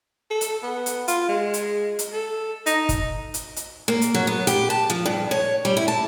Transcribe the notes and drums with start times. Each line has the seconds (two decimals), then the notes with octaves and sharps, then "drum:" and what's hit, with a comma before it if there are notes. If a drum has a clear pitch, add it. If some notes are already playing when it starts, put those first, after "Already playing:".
0.31 A4
0.41 drum: hi-hat
0.63 B3
0.86 drum: hi-hat
1.08 F4, drum: hi-hat
1.29 G#3
1.54 drum: hi-hat
1.99 drum: hi-hat
2.13 A4
2.66 D#4, drum: hi-hat
2.89 drum: kick, hi-hat
3.34 drum: hi-hat
3.56 drum: hi-hat
3.88 A#3
4.02 drum: hi-hat
4.14 F#3
4.27 B3
4.47 G4, drum: hi-hat
4.70 A5
4.90 F3
5.06 G2
5.31 C#5
5.65 G3
5.77 E4
5.88 A5